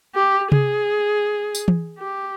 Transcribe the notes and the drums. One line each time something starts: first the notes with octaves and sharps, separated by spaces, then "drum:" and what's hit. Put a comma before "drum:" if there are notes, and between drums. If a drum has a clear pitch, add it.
G4
G#4, drum: tom C3
drum: tambourine
drum: tom E3
G4